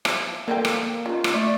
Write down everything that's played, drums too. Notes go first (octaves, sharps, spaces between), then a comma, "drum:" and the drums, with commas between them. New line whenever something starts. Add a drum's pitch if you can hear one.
E3 F3 E4, drum: rim click
D3 F3 A#3 G5
drum: rim click
C#4 D#4 F4
drum: rim click
A3 D5